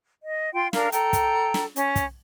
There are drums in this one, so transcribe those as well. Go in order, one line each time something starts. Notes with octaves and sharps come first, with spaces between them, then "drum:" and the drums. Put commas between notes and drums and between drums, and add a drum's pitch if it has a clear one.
D#5
F4 G5 C6
D4 A#4 F5, drum: snare
A4 G5 A#5, drum: hi-hat
drum: kick, hi-hat
drum: snare
C#4, drum: hi-hat
drum: kick, hi-hat